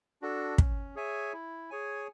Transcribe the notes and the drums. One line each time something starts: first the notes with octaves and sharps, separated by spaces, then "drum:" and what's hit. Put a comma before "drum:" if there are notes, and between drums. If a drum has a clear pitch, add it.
D4 F#4 A4
C#4, drum: kick
G#4 C#5 E5 G#5
E4
G#4 C#5 G#5